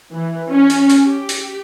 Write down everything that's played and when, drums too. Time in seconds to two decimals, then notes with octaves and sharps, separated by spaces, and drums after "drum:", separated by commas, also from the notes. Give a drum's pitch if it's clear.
0.12 E3
0.50 C#4
0.70 drum: hi-hat
0.89 drum: hi-hat
1.03 G4
1.29 drum: hi-hat